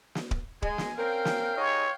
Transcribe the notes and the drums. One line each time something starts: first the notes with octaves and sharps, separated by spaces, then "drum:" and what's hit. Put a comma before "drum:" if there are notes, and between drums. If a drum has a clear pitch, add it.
drum: snare
drum: kick D1
G#3 G#5, drum: kick D1
drum: snare
C4 C#4 A#4 F5 G5
drum: snare
D#2 G#4 C#5 D#5